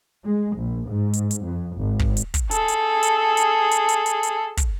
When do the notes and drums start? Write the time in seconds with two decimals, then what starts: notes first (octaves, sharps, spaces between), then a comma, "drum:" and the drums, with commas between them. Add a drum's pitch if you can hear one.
0.25 G#3
0.57 A#1
0.89 G#2
1.13 drum: hi-hat
1.31 drum: hi-hat
1.45 F2
1.76 G#1
1.99 drum: kick
2.17 drum: hi-hat
2.34 drum: kick, hi-hat
2.51 G#4 A4, drum: hi-hat
2.68 drum: hi-hat
3.03 drum: hi-hat
3.37 drum: hi-hat
3.71 drum: hi-hat
3.89 drum: hi-hat
4.06 drum: hi-hat
4.23 drum: hi-hat
4.57 drum: kick, hi-hat